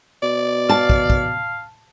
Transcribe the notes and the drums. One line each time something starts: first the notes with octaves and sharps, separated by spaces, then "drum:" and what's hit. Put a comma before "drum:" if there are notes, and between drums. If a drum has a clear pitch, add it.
B2 D5
F5 A5
drum: kick
drum: kick